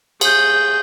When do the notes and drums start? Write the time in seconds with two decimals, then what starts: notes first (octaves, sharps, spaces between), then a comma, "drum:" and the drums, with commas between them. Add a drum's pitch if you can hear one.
0.21 G#4 G6, drum: cymbal